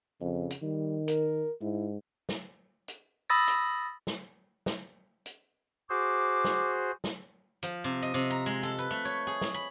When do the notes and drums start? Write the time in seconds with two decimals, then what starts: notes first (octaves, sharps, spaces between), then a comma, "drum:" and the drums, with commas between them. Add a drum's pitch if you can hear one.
0.21 F2 C#3
0.51 drum: hi-hat
0.62 D#3 G3
1.08 A#4, drum: hi-hat
1.62 G#2 E4
2.29 drum: snare
2.88 drum: hi-hat
3.30 B5 D#6 E6 A6 A#6
3.47 drum: hi-hat
4.07 drum: snare
4.66 drum: snare
5.26 drum: hi-hat
5.90 F#4 G#4 C5 D6
6.44 drum: snare
7.04 drum: snare
7.63 F3, drum: hi-hat
7.84 C3
8.03 D#5
8.14 C3
8.30 A#5
8.46 G#3
8.63 A4
8.79 B4
8.91 A3
9.05 C#5
9.27 G#4
9.41 drum: snare
9.54 B5